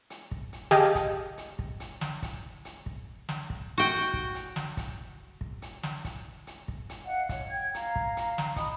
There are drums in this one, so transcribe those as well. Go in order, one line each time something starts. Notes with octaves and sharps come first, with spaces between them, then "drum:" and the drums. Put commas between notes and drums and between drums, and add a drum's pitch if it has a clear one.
drum: hi-hat
drum: kick
drum: hi-hat
G4 G#4 D#5 F5 A5, drum: snare
drum: kick, hi-hat
drum: hi-hat
drum: kick
drum: hi-hat
drum: snare
drum: kick, hi-hat
drum: hi-hat
drum: kick
drum: snare
drum: kick
F#4 G5
drum: hi-hat
drum: kick
drum: hi-hat
drum: snare
drum: kick, hi-hat
drum: kick
drum: hi-hat
drum: snare
drum: kick, hi-hat
drum: hi-hat
drum: kick
drum: hi-hat
D#5 F5 F#5
C#5, drum: kick, hi-hat
G5 G#6
F5 A#5, drum: hi-hat
drum: kick
drum: hi-hat
drum: snare
D#5 B5 D#6, drum: kick, hi-hat